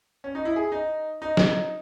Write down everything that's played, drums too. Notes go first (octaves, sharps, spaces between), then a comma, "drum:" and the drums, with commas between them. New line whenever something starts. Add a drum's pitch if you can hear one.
C#4
D#4
E4
G#4
D#4
D#4
drum: snare